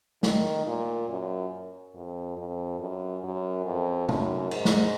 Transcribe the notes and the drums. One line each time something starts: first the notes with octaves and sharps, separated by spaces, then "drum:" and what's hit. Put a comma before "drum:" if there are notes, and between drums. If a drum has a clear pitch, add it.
D#3, drum: snare
A#2
F#2
F2
F2
F#2
F#2
F2
F#2, drum: tom C3
G#2, drum: cymbal
drum: snare